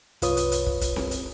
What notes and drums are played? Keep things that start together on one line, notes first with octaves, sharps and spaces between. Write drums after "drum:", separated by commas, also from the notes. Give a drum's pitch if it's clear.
C2 F#2 F4 B4 C#5 D#6, drum: hi-hat
drum: hi-hat
drum: hi-hat
drum: kick
drum: kick, hi-hat
drum: snare C4
drum: hi-hat